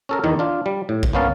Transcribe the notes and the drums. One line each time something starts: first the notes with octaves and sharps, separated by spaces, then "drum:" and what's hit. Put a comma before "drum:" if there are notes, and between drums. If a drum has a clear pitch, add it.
C#4 A4 A#4
E2 D#3 D#4
D4 F4
G3
A2
drum: kick A1
G1 A#3 B3 C#4 F5 A5